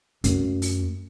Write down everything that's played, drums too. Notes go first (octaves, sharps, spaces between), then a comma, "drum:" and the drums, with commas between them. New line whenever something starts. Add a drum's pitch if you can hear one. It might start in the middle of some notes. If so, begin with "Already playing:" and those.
F#2 A3, drum: hi-hat
drum: open hi-hat